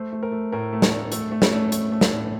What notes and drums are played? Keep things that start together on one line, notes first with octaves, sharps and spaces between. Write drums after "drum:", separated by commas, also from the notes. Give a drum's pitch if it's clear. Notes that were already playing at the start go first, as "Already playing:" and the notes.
Already playing: A3 C5
A3
A#4
A3
A2 A#4
A3
drum: snare
A3
A3 A4, drum: hi-hat
A3
C#4, drum: snare
A3
A3, drum: hi-hat
A3
drum: snare
A2